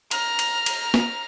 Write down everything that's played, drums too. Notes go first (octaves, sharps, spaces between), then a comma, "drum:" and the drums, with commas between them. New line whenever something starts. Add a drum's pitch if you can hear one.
A#5 F6, drum: cymbal
drum: cymbal
drum: cymbal
drum: snare